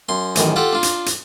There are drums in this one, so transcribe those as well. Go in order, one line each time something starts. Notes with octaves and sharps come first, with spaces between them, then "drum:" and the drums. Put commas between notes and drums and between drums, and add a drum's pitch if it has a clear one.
F#2 C6
A1 F#2 D#3, drum: hi-hat
F4 G4 A4 F#5
D4 F4
drum: hi-hat
drum: hi-hat